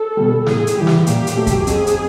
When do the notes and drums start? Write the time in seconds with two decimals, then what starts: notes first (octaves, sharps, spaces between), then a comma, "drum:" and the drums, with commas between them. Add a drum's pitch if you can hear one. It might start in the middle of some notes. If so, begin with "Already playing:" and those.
Already playing: A4
0.17 B2 G3
0.46 A2 G#4, drum: snare
0.67 drum: hi-hat
0.77 E3 G3 G4
0.87 drum: snare
1.07 A#2 G4, drum: hi-hat
1.27 drum: hi-hat
1.37 F#3 A3
1.47 drum: kick, hi-hat
1.67 F2 G#4, drum: hi-hat
1.87 drum: hi-hat